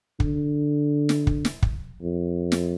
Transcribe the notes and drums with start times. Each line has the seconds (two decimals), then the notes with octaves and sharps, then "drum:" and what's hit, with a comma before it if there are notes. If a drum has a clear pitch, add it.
0.20 D3, drum: kick
1.09 drum: snare
1.27 drum: kick
1.45 drum: snare
1.62 drum: kick
2.02 F2
2.52 drum: snare